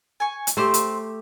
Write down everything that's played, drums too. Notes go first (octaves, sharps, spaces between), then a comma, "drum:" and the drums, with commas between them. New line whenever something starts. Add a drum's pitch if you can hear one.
G#5 C#6
drum: hi-hat
A3 C4 G4 C5
drum: hi-hat